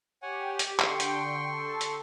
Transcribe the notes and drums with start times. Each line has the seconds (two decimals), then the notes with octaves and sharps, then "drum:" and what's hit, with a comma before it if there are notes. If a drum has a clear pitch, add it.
0.22 G4 C#5 F#5 G#5
0.59 drum: hi-hat
0.80 D3 G5 C6 C#6, drum: clap
1.00 drum: hi-hat
1.46 A4
1.81 drum: hi-hat